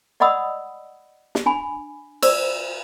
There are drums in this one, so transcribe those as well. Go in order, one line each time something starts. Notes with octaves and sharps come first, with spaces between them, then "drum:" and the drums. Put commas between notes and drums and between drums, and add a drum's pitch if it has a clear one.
D5 D#5 F#5 B5 D#6 E6
drum: snare
D4 G#5 B5
C5 D5 E6, drum: cymbal